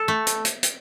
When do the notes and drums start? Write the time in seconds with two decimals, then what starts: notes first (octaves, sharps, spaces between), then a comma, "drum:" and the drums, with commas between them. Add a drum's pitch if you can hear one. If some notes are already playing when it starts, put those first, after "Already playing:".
Already playing: A4
0.08 A3
0.27 drum: hi-hat
0.45 drum: hi-hat
0.63 drum: hi-hat